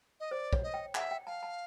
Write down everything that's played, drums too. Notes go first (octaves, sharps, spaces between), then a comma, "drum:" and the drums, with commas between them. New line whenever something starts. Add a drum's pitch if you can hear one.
D#5
C5 D5
C#5, drum: kick
D#5
G5
E5 F#5, drum: clap
G5
F5 A5
A5